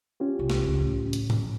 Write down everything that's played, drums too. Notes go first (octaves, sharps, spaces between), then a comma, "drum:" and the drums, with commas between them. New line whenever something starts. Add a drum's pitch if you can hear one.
C#4 F4 G4
C2
drum: snare
C#2
A2
drum: hi-hat
drum: tom A2